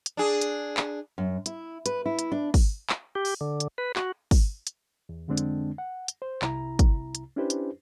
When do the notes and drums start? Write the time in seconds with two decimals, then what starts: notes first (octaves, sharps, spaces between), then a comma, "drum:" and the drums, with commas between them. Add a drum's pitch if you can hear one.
0.06 drum: hi-hat
0.17 D4 G#4
0.41 drum: hi-hat
0.77 drum: clap
1.18 F#2
1.46 E4, drum: hi-hat
1.86 B4, drum: hi-hat
2.06 E4
2.19 drum: hi-hat
2.32 D4
2.54 drum: kick, open hi-hat
2.89 drum: clap
3.15 G4
3.25 drum: open hi-hat
3.41 D3
3.60 drum: hi-hat
3.78 B4
3.96 F#4, drum: clap
4.31 drum: kick, open hi-hat
4.67 drum: hi-hat
5.09 E2
5.28 F2 D3 G#3 C4 D4
5.37 drum: hi-hat
5.78 F#5
6.08 drum: hi-hat
6.22 C5
6.42 C2 C3 E4 A#5, drum: clap
6.79 drum: kick, hi-hat
7.15 drum: hi-hat
7.36 C#4 D4 E4 G4 B4 C5
7.50 drum: hi-hat